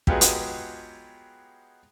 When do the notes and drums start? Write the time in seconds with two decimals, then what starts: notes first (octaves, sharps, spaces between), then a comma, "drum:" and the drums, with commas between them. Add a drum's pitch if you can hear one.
0.07 F#3 G#3 B3 F4 G4 G#4, drum: kick
0.21 drum: hi-hat